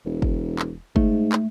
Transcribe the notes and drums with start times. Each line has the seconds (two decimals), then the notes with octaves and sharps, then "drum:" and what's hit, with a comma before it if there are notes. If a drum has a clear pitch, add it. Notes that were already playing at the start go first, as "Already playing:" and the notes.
0.05 E1
0.22 drum: kick
0.59 drum: clap
0.96 G#2 A3, drum: kick
1.32 drum: clap